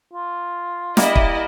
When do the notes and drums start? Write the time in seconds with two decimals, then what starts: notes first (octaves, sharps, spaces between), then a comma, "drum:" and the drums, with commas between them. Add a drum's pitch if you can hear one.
0.13 F4
0.97 G3 A#3 E4 D#5, drum: snare
1.16 drum: kick